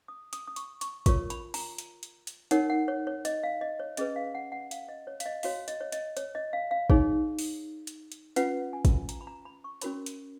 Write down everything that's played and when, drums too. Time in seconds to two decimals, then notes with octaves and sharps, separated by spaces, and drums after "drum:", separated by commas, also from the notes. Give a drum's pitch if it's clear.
0.08 D#6
0.33 D#6, drum: hi-hat
0.47 D#6
0.56 C#6, drum: hi-hat
0.81 C#6, drum: hi-hat
1.06 F4 A#4 C#5 C#6, drum: kick, hi-hat
1.30 B5, drum: hi-hat
1.54 A#5, drum: open hi-hat
1.78 drum: hi-hat
2.03 drum: hi-hat
2.27 drum: hi-hat
2.51 D#4 A#4 C#5 F#5, drum: hi-hat
2.70 F#5
2.88 C#5
3.07 C#5
3.25 D#5, drum: hi-hat
3.43 F5
3.61 D#5
3.80 C#5
3.97 C#4 G#4 B4 D#5, drum: hi-hat
4.16 F5
4.35 F#5
4.52 F#5
4.71 F5, drum: hi-hat
4.89 D#5
5.07 C#5
5.20 F5, drum: hi-hat
5.26 D#5
5.43 F#4 C#5 F5, drum: open hi-hat
5.68 D#5, drum: hi-hat
5.81 C#5
5.92 D#5, drum: hi-hat
6.17 C#5, drum: hi-hat
6.35 D#5
6.53 F5
6.71 F5
6.90 D#4 G#4 C#5, drum: kick
7.39 drum: open hi-hat
7.87 drum: hi-hat
8.12 drum: hi-hat
8.36 C#4 F4 B4 F#5, drum: hi-hat
8.73 G#5
8.85 drum: kick, hi-hat
9.09 A#5, drum: hi-hat
9.21 B5
9.27 A#5
9.45 B5
9.64 C#6
9.81 C#4 F#4 A#4 C#5 B5, drum: hi-hat
10.06 drum: hi-hat